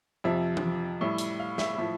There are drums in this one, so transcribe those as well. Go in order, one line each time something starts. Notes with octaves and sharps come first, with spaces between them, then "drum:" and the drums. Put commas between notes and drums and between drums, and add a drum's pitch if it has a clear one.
F2 C3 F3 E5
drum: tom E3
A2 G3 E5
drum: hi-hat
F5
E5, drum: snare
A2 F3 E5